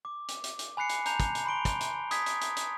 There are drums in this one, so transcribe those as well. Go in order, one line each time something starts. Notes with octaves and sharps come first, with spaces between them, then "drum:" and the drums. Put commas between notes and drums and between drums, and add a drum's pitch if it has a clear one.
D6
drum: hi-hat
drum: hi-hat
drum: hi-hat
G#5 B5 F#6 C7 C#7
drum: hi-hat
A5 A#5 G6 F7, drum: hi-hat
drum: kick, hi-hat
drum: hi-hat
B5 C6 D7 G7
drum: kick, hi-hat
drum: hi-hat
D#6 G#6 B6, drum: hi-hat
drum: hi-hat
drum: hi-hat
drum: hi-hat